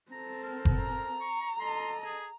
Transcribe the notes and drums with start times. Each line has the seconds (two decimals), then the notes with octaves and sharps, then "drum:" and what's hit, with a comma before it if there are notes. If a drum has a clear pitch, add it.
0.12 C4 A4 A#5
0.44 A#4
0.65 drum: kick F#1
0.79 A#5
1.21 C#6
1.60 A4 D#5 C6
2.05 G#4